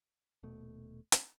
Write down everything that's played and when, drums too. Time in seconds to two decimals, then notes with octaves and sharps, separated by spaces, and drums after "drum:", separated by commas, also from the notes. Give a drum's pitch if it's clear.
0.43 D#1 B2 A3
1.12 drum: hi-hat